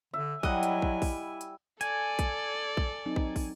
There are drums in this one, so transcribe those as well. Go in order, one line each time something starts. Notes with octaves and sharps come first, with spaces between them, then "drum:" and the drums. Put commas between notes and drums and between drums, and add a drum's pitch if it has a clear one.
D3 E5
F#3 G3 E4 D#5 F#5 G#5, drum: kick
drum: hi-hat
drum: kick
drum: kick, open hi-hat
drum: hi-hat
A4 D5 G#5, drum: hi-hat
drum: kick, hi-hat
drum: kick
F#3 C4 D#4
drum: kick
drum: kick, open hi-hat